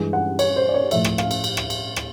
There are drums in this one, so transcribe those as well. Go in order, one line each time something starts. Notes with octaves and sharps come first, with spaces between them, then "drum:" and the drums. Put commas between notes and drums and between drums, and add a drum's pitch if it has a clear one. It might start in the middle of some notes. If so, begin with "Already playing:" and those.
Already playing: G2 E3 G#3
F#5
C#5, drum: cymbal
C5
D5
C#5
A2 F3 A3 E5, drum: cymbal
drum: rim click
F5, drum: rim click
drum: cymbal
drum: cymbal
drum: rim click
drum: cymbal
drum: rim click